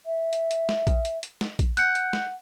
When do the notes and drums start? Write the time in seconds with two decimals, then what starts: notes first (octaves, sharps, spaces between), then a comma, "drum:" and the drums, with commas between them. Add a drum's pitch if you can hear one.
0.05 E5
0.33 drum: hi-hat
0.51 drum: hi-hat
0.69 drum: snare
0.87 drum: kick A#1, hi-hat
1.05 drum: hi-hat
1.23 drum: hi-hat
1.41 drum: snare
1.59 drum: kick A#1, hi-hat
1.77 F#5 F#6 G6 C#7, drum: hi-hat
1.95 drum: hi-hat
2.13 drum: snare